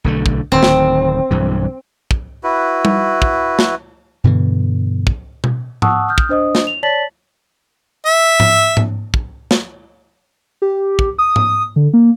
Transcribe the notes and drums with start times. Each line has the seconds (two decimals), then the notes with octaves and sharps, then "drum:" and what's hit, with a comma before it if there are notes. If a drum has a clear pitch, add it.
0.04 B1 D3 A3
0.26 drum: kick
0.52 D1 D#3 C4
0.63 drum: snare
1.31 B1 G2 E3
2.11 drum: kick
2.43 E4 F#4 B4
2.85 drum: tom G3
3.22 drum: kick
3.59 drum: snare
4.24 G2 B2 D3 E3
5.07 drum: kick
5.44 drum: tom B2
5.82 F#5 A5 C#6 D#6 E6 F#6, drum: tom G#2
6.09 D#6 F6 G6
6.18 drum: kick
6.29 D4 C5 D#5 D#6
6.55 drum: snare
6.67 F7
6.83 C#5 D5 A5 A6 B6 F#7
8.06 E5
8.40 drum: tom G#2
8.77 drum: tom G#2
9.14 drum: kick
9.51 drum: snare
10.62 G4
10.99 drum: kick
11.18 D#6
11.36 drum: tom G#2
11.76 D3
11.93 A#3